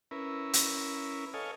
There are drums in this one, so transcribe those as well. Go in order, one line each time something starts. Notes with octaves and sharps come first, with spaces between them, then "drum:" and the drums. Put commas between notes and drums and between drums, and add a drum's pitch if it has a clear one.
C#4 E4 A#4 B4
drum: hi-hat
A4 C#5 D#5 F5 G#5